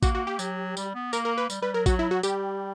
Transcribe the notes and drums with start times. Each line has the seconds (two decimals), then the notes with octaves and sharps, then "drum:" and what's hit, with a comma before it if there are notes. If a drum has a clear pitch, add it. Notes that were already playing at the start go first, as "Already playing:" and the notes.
0.03 A#3 F#4, drum: kick A1, tambourine
0.15 F#4
0.27 G4
0.39 F#3, drum: tambourine
0.77 G3, drum: tambourine
0.95 B3
1.13 A#3 A#4, drum: tambourine
1.25 A#4
1.38 B4
1.50 G3, drum: tambourine
1.62 G3 B4
1.74 F#3 A#4
1.86 F#3 F#4, drum: kick A1, tambourine
1.99 E4
2.11 F#4
2.23 G3 G4, drum: tambourine